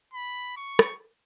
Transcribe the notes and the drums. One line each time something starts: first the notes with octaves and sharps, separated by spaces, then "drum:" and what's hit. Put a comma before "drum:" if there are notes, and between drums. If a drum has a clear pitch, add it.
B5
C#6
drum: rim click